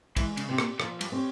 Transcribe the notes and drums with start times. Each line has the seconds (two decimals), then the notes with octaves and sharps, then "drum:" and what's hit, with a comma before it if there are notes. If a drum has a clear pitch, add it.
0.17 E3 G#3, drum: kick, cymbal
0.37 C#3, drum: cymbal
0.49 C3 C4 G4
0.58 A#2, drum: rim click
0.80 A#2 F3, drum: rim click
1.01 G2, drum: cymbal
1.12 C4 G4 C#5